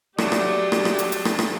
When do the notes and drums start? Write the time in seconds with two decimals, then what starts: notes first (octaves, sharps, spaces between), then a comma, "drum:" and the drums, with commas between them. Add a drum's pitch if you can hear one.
0.18 F#3 G#3 A3 G4 D5, drum: rim click
0.32 drum: rim click
0.72 drum: rim click
0.85 drum: rim click
0.99 drum: hi-hat
1.12 drum: hi-hat
1.25 drum: rim click
1.39 drum: rim click